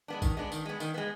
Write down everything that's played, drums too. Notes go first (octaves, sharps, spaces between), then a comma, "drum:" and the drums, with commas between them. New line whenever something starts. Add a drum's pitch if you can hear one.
G#3 B3 D4
D#3, drum: kick A1, tambourine
G#3 B3 D4
D#3, drum: tambourine
G#3 B3
D#3, drum: tambourine
G#3 B3